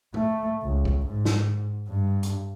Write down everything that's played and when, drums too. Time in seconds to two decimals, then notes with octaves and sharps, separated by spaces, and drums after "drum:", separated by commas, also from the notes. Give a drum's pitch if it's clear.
0.14 A3, drum: tom A2
0.62 C#2
0.85 drum: kick
1.06 G#2
1.25 drum: snare
1.89 G2
2.23 drum: hi-hat